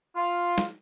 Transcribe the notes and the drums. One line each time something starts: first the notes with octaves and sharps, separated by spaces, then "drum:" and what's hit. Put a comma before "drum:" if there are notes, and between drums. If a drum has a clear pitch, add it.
F4
drum: snare